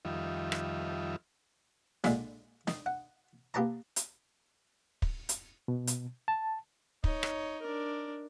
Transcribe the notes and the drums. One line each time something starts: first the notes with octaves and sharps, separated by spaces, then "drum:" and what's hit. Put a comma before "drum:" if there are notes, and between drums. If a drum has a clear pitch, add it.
F2 D#3 G3 F4 E5
drum: rim click
A#1 A#2 D3 G#3, drum: snare
D#3, drum: snare
F#5
A#3 G4 B4 A5 A#5
drum: hi-hat
drum: kick
drum: hi-hat
B2
drum: hi-hat
A5
D#4 C#5, drum: kick
drum: rim click
D4 A#4